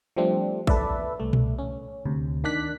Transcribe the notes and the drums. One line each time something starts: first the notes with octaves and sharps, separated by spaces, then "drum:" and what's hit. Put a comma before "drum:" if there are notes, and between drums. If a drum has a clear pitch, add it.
F3 G3 A3 C4 D4
A4 B4 D5 E5, drum: kick A1
C2 A3
drum: tom A#2
C#4
D2 C3
D#3 D4 D5 F#6 B6